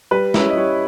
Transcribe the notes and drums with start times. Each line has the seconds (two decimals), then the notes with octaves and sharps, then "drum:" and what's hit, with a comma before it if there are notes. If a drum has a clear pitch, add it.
0.11 G3 B4
0.34 C#4 E4, drum: snare
0.50 D#5
0.57 G3 C#5